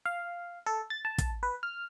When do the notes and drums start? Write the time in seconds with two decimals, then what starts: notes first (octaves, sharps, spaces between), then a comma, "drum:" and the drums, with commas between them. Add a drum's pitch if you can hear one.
0.06 F5
0.66 A4
0.90 A6
1.05 A5
1.18 drum: kick, hi-hat
1.43 B4
1.63 F6